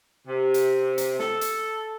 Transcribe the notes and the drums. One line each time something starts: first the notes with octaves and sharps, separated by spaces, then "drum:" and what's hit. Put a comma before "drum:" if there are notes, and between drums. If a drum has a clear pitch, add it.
C3
drum: hi-hat
drum: hi-hat
A4, drum: snare
drum: hi-hat